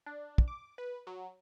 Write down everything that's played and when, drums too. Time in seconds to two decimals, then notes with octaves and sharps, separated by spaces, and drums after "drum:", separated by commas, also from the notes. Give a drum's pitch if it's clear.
0.06 D4
0.38 drum: kick
0.48 D6
0.78 B4
1.07 F#3